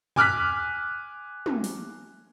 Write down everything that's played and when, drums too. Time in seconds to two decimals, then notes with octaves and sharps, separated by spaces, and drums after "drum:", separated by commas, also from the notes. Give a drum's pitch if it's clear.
0.16 G#5 D6 F6 F#6 B6, drum: tom
1.46 drum: tom
1.64 drum: open hi-hat